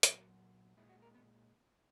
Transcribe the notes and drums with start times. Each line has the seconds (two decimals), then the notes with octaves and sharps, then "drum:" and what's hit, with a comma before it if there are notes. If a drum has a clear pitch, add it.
0.03 A#2 F#3 F#4, drum: hi-hat
0.77 A#2 G#3 E4
0.89 F#4
1.02 A#4
1.15 B3